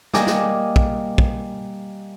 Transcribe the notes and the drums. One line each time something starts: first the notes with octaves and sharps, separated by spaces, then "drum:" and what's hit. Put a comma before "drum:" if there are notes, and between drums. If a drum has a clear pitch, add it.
G3 A#3 D#5 G#5 D6 D#6, drum: snare
drum: snare
drum: kick
drum: kick